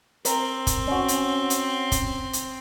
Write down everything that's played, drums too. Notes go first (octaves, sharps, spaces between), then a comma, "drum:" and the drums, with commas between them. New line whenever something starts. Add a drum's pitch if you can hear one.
C4 A#4, drum: hi-hat
drum: kick, hi-hat
C#4 F#4
drum: hi-hat
drum: hi-hat
drum: kick, hi-hat
drum: hi-hat